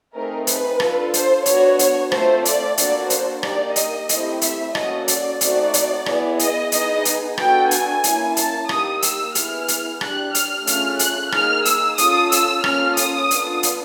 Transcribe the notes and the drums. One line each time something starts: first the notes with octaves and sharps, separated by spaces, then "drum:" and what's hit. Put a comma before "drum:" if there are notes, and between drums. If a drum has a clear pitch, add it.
A3 C4 D#4 G#4 A#4
B4, drum: hi-hat
D4 F4 A4, drum: rim click
C5, drum: hi-hat
B3 D4 F#4 C#5, drum: hi-hat
C#5, drum: hi-hat
A3 C4 F4 A4 C5, drum: rim click
D5, drum: hi-hat
A#3 D4 F#4 A4 D5, drum: hi-hat
C5, drum: hi-hat
A#3 D#4 G4 D5, drum: rim click
D#5, drum: hi-hat
A3 C4 E4 G4, drum: hi-hat
E5, drum: hi-hat
A#3 C#4 F#4 A4 D#5, drum: rim click
D5, drum: hi-hat
A3 C4 D#4 F#4 D5, drum: hi-hat
drum: hi-hat
B3 E4 G#4, drum: rim click
D#5, drum: hi-hat
B3 D#4 G#4 D#5, drum: hi-hat
drum: hi-hat
B3 D4 F#4 A4 G5, drum: rim click
G#5, drum: hi-hat
A#3 C#4 E4, drum: hi-hat
A5, drum: hi-hat
A#3 D#4 G4 D#6, drum: rim click
E6, drum: hi-hat
B3 E4 G#4 F6, drum: hi-hat
drum: hi-hat
D4 G4 F#6, drum: rim click
F6, drum: hi-hat
A3 C#4 F4 G#4 F6, drum: hi-hat
F#6, drum: hi-hat
A#3 D#4 G#4 F6, drum: rim click
E6, drum: hi-hat
C#4 F4 A4 D#6, drum: hi-hat
E6, drum: hi-hat
A#3 C#4 F4 A4 F6, drum: rim click
D#6, drum: hi-hat
B3 D4 F4 A4, drum: hi-hat
drum: hi-hat